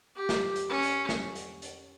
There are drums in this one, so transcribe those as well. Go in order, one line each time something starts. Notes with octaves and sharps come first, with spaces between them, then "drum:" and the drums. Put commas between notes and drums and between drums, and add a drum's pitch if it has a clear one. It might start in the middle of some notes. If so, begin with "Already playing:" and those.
G4
drum: snare
drum: hi-hat
C#4
drum: hi-hat
drum: snare
drum: hi-hat
drum: hi-hat